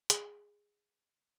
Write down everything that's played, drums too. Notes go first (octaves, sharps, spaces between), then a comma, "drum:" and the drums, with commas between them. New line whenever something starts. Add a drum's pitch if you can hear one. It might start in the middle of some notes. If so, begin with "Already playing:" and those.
G#4, drum: hi-hat